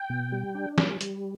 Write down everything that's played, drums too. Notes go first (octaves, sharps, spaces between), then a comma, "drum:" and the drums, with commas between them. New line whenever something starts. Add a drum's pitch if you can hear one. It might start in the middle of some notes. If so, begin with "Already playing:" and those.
Already playing: G5
B2
G3
D4
G3, drum: snare
G3, drum: hi-hat